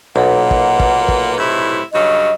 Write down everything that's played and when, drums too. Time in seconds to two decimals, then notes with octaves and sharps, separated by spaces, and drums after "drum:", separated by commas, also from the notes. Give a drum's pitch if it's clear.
0.16 B1 A#2 A#3 B3 F#5
0.51 drum: kick
0.80 drum: kick
1.08 drum: kick
1.37 A2 C3 E4
1.92 G2 C#3 F#3 D#5